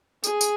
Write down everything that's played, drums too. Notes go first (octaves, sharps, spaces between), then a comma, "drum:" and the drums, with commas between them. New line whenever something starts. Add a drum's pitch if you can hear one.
G#4, drum: tambourine
drum: tambourine